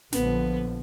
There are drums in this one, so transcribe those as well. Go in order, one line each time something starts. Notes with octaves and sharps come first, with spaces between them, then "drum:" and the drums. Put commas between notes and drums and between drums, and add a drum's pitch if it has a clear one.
A#1 D3 F3 B3, drum: snare